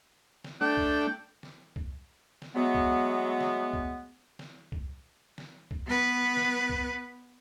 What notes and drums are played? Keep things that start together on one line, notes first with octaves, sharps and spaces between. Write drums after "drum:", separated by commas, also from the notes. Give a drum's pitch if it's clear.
drum: snare
A3 D4 G5
drum: kick
drum: snare
drum: kick
drum: snare
F#3 G#3 A3 B3
drum: kick
drum: snare
drum: kick
drum: snare
drum: kick
drum: snare
drum: kick
B3 B4
drum: snare
drum: kick